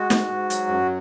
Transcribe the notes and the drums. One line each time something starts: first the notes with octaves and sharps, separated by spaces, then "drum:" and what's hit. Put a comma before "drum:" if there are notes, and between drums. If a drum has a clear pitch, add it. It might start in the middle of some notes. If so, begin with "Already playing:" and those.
Already playing: G#3 F#4
G#2, drum: snare
G#2
F#3, drum: hi-hat
F#2